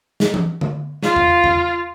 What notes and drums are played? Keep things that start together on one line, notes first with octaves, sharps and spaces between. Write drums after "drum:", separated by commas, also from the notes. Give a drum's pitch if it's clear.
drum: snare
drum: tom E3
drum: tom D3
F4, drum: snare
drum: tom E2
drum: tom E2